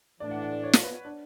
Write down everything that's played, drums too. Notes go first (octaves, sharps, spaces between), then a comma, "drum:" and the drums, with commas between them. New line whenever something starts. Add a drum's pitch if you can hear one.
A2 E3 A3 D4 D5
F#5
F#5
D5
C#5
drum: snare
B4
D4